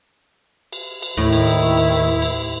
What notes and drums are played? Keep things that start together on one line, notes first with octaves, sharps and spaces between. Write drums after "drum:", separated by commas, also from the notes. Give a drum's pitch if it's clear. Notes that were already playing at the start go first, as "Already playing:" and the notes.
drum: cymbal
drum: cymbal
D#2 A2 D#3 E4
drum: cymbal
drum: cymbal
drum: cymbal
drum: cymbal
drum: cymbal